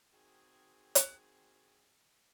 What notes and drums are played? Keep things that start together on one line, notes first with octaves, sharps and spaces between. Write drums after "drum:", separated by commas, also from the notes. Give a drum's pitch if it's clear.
D#3 C4 F#4 G#4
drum: hi-hat